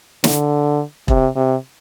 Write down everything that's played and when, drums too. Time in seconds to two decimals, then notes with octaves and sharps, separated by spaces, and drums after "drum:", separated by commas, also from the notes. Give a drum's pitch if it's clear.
0.24 D3, drum: snare
1.08 C3, drum: kick E1
1.36 C3